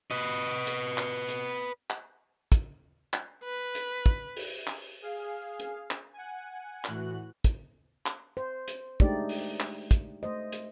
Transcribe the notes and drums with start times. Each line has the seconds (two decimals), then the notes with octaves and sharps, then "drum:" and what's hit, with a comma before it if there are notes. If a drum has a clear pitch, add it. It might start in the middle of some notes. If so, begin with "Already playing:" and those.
0.11 B4 D#5
0.67 drum: hi-hat
0.98 drum: clap
1.29 drum: hi-hat
1.90 drum: clap
2.52 drum: kick, hi-hat
3.13 drum: clap
3.44 B4
3.75 drum: hi-hat
4.06 drum: kick
4.36 drum: open hi-hat
4.67 drum: clap
5.02 G#4 F5
5.60 drum: hi-hat
5.90 drum: clap
6.13 F#5 G#5
6.84 A2 E3 F#4 F#6, drum: clap
7.44 drum: kick, hi-hat
8.06 drum: clap
8.37 C5
8.68 drum: hi-hat
9.00 G#3 A3 D4 D#4 G4 D5, drum: kick
9.29 drum: open hi-hat
9.60 drum: clap
9.91 drum: kick, hi-hat
10.23 A3 C5 D#5
10.52 drum: hi-hat